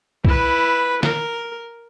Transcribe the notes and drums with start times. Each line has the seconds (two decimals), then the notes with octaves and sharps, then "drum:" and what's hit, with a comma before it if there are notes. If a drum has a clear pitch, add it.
0.25 E4 B4, drum: kick
1.03 A#4, drum: snare